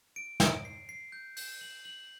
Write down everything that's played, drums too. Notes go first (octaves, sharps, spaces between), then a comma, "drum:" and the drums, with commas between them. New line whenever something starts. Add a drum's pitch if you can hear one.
D7
D7, drum: snare
C7
C7
G6
G6, drum: open hi-hat
F#7
F#7